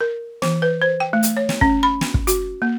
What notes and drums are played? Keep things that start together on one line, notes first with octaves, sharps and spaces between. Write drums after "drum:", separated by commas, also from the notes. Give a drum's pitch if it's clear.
A#4
E3, drum: snare
B4
C5
G5
A3
drum: hi-hat
C#5
drum: snare
C#4, drum: kick
B5
drum: snare
drum: kick
F#4, drum: hi-hat
A#3